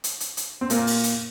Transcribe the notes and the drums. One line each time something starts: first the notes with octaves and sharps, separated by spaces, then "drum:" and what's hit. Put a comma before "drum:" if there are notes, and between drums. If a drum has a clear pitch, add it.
drum: hi-hat
drum: hi-hat
drum: hi-hat
C4
A#2 A#3, drum: hi-hat
drum: open hi-hat
drum: hi-hat